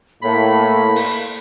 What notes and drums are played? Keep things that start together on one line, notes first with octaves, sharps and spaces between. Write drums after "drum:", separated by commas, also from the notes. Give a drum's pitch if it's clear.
A2 A#3 B5
drum: open hi-hat